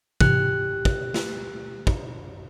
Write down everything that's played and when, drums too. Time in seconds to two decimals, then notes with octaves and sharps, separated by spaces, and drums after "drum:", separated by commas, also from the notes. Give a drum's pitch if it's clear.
0.21 G#2 C3 E3 G4 F#6, drum: kick
0.85 drum: kick
1.14 drum: snare
1.87 drum: kick